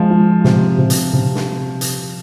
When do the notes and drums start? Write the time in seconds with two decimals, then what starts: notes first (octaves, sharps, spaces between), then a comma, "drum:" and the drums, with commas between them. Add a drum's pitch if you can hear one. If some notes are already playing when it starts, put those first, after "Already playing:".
Already playing: F3 G#3
0.10 F4
0.44 C3, drum: snare
0.78 C3
0.90 drum: hi-hat
1.13 C3
1.35 drum: snare
1.81 drum: hi-hat